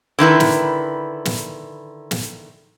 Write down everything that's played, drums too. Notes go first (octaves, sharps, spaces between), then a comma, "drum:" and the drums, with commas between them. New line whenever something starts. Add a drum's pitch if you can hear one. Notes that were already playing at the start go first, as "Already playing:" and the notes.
D3 D#3 E4 B4
drum: snare
drum: snare
drum: snare